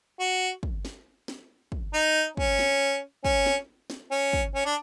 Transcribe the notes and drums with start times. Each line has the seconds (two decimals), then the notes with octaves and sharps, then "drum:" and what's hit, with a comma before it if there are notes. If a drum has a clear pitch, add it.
0.20 F#4
0.63 drum: kick
0.85 drum: snare
1.28 drum: snare
1.72 drum: kick
1.94 D#4
2.37 C#4, drum: kick
2.59 drum: snare
3.25 C#4, drum: kick
3.46 drum: snare
3.90 drum: snare
4.11 C#4
4.33 drum: kick
4.55 C#4
4.65 D4